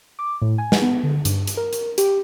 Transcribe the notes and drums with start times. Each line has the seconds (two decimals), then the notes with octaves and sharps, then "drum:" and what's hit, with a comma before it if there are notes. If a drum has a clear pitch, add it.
0.19 D6
0.42 A2
0.58 G#5
0.72 drum: snare
0.82 B3
1.04 D3
1.25 G2, drum: hi-hat
1.47 drum: hi-hat
1.57 A#4
1.73 drum: hi-hat
1.98 G4, drum: hi-hat